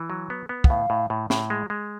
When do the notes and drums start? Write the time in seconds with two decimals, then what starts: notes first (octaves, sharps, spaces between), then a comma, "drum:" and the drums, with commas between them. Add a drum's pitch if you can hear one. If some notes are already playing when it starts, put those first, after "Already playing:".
Already playing: E3
0.10 F#3
0.30 B3
0.49 B3
0.64 F#5, drum: kick
0.69 A2 F5
0.90 A2
1.10 A2
1.30 A2, drum: snare
1.50 G#3
1.70 G#3